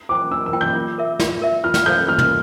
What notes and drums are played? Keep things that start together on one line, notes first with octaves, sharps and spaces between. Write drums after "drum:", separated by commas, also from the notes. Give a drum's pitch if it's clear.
F4 C5 G5 A#5 D6
D4 E6
E6
F4 C5 G5 A#5
G6
F4
A#4 E5
F4, drum: snare
A#4 E5
F4 F6
drum: snare
A4 C5 F5 G6
F4 F6
drum: tom